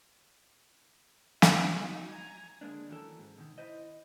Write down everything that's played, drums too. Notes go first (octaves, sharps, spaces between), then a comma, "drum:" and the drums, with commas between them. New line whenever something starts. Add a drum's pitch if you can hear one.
D#5 E5, drum: snare
D#4 F#4
G#5 A#5
D3 G#3 A#3 D4
D#3 E3 F#3 C#4 A4 A#4
G#2
B2 D#3
E4 C5 D#5